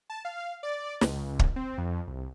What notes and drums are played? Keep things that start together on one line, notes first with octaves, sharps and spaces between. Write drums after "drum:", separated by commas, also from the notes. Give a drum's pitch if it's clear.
A5
F5
D5
C#2, drum: snare
drum: kick
C4
F2
C2